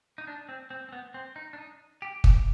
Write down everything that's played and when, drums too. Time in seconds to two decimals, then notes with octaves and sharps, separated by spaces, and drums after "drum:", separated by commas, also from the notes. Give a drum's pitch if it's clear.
0.18 D#4
0.27 D4
0.49 C4
0.70 C4
0.89 C4
0.93 B3
1.14 C4
1.36 D#4
1.53 D4
1.58 D#4
2.02 G4
2.24 G4, drum: kick